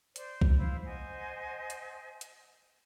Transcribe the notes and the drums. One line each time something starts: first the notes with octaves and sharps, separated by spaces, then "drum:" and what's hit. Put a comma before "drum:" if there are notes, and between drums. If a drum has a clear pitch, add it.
C5 D5, drum: hi-hat
drum: kick B1
E4 C5 F5
C5 D#5 F#5 G#5
drum: hi-hat
drum: hi-hat